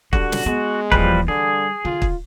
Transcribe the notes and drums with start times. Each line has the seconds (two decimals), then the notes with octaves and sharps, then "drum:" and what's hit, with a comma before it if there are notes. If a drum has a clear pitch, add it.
0.13 D3 G3 F#4, drum: kick
0.32 drum: snare
0.46 G#3 B3
0.92 D#1 E3 F3 G3 B4, drum: kick
1.28 D3 G3 G#4
1.85 D3 F4
2.02 drum: kick